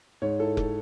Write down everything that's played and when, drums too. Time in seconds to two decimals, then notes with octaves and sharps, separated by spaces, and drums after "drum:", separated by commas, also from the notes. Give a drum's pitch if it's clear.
0.22 G#2 C#5
0.40 E4 A4
0.57 A4, drum: kick F1